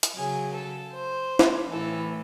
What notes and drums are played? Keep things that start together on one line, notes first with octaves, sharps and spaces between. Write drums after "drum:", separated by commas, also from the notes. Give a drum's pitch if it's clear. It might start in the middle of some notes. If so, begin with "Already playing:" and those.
drum: hi-hat
C#3 F#3 G#4
A4
C5
drum: snare
A2 E3 A4